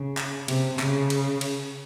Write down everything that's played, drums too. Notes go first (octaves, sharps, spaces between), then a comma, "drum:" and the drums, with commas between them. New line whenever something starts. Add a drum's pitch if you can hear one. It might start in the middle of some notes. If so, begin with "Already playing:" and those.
Already playing: C#3
drum: clap
C3, drum: cymbal
C#3, drum: clap
drum: cymbal
drum: cymbal